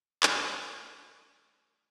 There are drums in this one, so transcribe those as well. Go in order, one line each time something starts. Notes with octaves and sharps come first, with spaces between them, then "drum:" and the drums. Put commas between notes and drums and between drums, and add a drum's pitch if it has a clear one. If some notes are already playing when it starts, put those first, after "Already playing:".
E3 A3 G#4 D5 F5 C#6, drum: clap